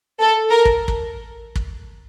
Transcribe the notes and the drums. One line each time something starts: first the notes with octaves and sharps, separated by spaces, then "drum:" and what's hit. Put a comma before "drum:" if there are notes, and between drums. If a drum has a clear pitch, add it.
A4
A#4
drum: kick
drum: kick
drum: kick